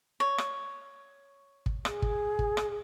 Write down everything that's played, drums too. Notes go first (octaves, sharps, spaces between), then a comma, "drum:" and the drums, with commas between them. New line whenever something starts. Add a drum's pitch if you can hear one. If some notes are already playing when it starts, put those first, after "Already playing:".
C#5
drum: rim click
drum: kick
G#4, drum: rim click
drum: kick
drum: kick
drum: rim click